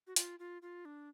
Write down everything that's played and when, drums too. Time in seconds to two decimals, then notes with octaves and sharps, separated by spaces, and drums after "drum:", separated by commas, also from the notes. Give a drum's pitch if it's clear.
0.07 F#4
0.16 F4, drum: hi-hat
0.39 F4
0.62 F4
0.85 D4